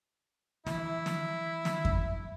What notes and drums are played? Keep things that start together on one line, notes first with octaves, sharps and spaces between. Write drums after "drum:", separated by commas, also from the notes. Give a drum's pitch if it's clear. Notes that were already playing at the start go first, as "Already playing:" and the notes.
E3 E4, drum: snare
drum: snare
drum: snare
drum: kick F2